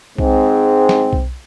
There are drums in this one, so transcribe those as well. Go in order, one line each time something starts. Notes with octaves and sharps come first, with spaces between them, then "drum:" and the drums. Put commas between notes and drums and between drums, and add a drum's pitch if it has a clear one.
G#2 G#3 C4, drum: kick B1
drum: snare
drum: kick B1